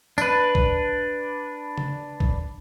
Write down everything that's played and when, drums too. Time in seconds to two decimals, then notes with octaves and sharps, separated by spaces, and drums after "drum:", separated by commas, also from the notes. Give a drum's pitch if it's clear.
0.18 D4 B4, drum: tambourine
0.55 drum: kick
1.78 drum: tom C#3
2.20 drum: kick